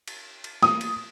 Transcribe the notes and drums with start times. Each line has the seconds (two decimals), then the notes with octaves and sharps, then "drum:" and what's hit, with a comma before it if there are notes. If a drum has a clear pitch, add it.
0.08 drum: cymbal
0.44 drum: cymbal
0.63 D#6, drum: snare
0.81 drum: cymbal